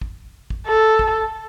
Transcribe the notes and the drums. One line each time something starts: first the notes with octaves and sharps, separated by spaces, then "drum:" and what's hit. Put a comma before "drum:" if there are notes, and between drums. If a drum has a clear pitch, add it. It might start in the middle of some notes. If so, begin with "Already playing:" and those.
drum: kick
drum: kick
A4
drum: kick